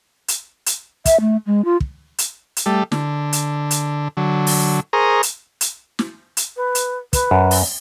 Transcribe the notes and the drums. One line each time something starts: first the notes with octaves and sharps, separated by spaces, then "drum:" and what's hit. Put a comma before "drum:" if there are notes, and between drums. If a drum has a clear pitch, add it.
drum: hi-hat
drum: hi-hat
E5, drum: kick, hi-hat
A3
G#3
F4
drum: kick
drum: hi-hat
drum: hi-hat
G3 A3
D3, drum: snare
drum: hi-hat
drum: hi-hat
D3 F#3
drum: open hi-hat
G#4 A#4 C5 A#5 C#6 D#6
drum: hi-hat
drum: hi-hat
drum: snare
drum: hi-hat
B4
drum: hi-hat
B4, drum: kick, hi-hat
F#2
drum: open hi-hat